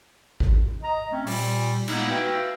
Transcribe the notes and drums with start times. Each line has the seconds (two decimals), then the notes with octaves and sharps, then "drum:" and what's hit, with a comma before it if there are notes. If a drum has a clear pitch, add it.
0.40 drum: kick G#1
0.82 D#5 A#5
1.11 A3 C4 C#4
1.27 A#2 G3, drum: open hi-hat
1.88 A#2 G#3 A#3 B3 D#4 E4, drum: cymbal
2.10 F#4 B4 E5 F5 G5